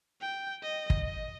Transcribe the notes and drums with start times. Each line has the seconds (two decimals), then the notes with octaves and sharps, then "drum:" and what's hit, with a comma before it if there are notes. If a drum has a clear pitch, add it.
0.21 G5
0.63 D#5
0.90 drum: kick
1.04 D#5